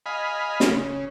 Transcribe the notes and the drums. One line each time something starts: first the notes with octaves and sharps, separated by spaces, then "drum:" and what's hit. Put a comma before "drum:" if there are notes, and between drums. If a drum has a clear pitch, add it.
D#5 F5 G#5 B5
drum: snare
C#3